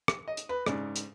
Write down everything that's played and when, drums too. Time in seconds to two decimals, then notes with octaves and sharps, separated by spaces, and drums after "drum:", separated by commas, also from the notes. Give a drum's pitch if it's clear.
0.08 drum: rim click
0.28 D#5
0.37 drum: hi-hat
0.49 B4
0.66 G#2 C#3 D4, drum: rim click
0.96 drum: hi-hat